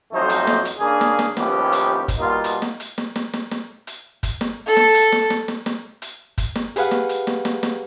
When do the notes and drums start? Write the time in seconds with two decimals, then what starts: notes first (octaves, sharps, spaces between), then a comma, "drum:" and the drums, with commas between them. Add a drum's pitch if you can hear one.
0.12 A1 F2 F#3 A3 D#4 C5
0.29 drum: hi-hat
0.47 drum: snare
0.65 drum: hi-hat
0.79 C#3 A#3 D4 G#4
1.01 drum: snare
1.19 drum: snare
1.37 A1 D#2 F3 B3 C#4 G4, drum: snare
1.72 drum: hi-hat
2.08 drum: kick F#1, hi-hat
2.18 B2 G3 A#3 D#4 F4
2.44 drum: hi-hat
2.62 drum: snare
2.80 drum: hi-hat
2.98 drum: snare
3.16 drum: snare
3.33 drum: snare
3.51 drum: snare
3.87 drum: hi-hat
4.23 drum: kick F#1, hi-hat
4.41 drum: snare
4.67 A4
4.77 drum: snare
4.94 drum: hi-hat
5.12 drum: snare
5.30 drum: snare
5.48 drum: snare
5.66 drum: snare
6.02 drum: hi-hat
6.38 drum: kick F#1, hi-hat
6.55 drum: snare
6.76 G4 G#4 B4 F5 F#5, drum: hi-hat
6.91 drum: snare
7.09 drum: hi-hat
7.27 drum: snare
7.45 drum: snare
7.63 drum: snare